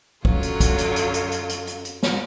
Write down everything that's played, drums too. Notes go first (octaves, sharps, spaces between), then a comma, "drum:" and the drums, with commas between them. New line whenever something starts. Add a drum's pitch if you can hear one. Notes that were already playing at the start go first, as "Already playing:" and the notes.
F#2 D3 F#3 F4, drum: kick
drum: hi-hat
drum: kick, hi-hat
drum: hi-hat
drum: hi-hat
drum: hi-hat
drum: hi-hat
drum: hi-hat
drum: hi-hat
drum: hi-hat
drum: snare